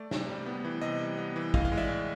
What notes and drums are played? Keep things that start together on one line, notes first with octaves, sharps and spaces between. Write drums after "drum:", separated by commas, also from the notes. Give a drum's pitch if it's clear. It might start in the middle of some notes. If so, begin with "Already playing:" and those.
Already playing: A3 D5
C3, drum: snare
G3
B3
E3
C3 D#5
G3
B3
E3
A2 D#5 F5, drum: kick
D#5 F5
G#3
D5 E5
A2